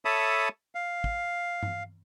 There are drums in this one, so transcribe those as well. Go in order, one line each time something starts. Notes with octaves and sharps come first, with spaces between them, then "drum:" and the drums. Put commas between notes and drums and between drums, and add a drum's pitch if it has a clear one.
A4 C#5 E5 A5 B5 D#6
F5
drum: kick
drum: tom G2